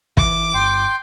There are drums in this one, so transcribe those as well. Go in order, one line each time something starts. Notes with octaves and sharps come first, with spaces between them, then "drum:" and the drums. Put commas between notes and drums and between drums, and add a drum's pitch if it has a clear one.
E3 D6, drum: kick
G1 G5 C6